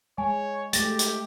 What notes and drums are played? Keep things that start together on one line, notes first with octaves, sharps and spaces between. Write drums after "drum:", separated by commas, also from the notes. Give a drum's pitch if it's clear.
G#3 C#5 G#5
G#3 A3 G4 A6 A#6, drum: hi-hat
drum: hi-hat